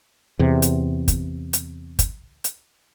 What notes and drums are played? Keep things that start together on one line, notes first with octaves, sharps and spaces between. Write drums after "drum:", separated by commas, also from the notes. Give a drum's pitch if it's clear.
E2 C3
drum: hi-hat
drum: kick, hi-hat
drum: hi-hat
drum: kick, hi-hat
drum: hi-hat